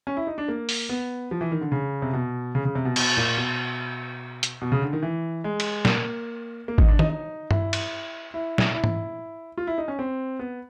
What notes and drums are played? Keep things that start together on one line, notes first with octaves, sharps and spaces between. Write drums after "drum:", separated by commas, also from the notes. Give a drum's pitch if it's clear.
C#4
E4
D#4
D4
A#3
drum: open hi-hat
B3
F3
E3
D#3
D3
C#3
C3
B2
C#3
C#3
C3
B2
B2, drum: cymbal
A#2
B2
drum: hi-hat
B2
C#3
D3
D#3
E3
G#3
drum: cymbal
A#3, drum: snare
A#3
D#4, drum: kick G#1
D4
D#4, drum: tom D#3
D#4
E4, drum: tom G2
drum: cymbal
E4
drum: snare
E4
drum: tom G#2
F4
E4
D#4
C#4
C4
B3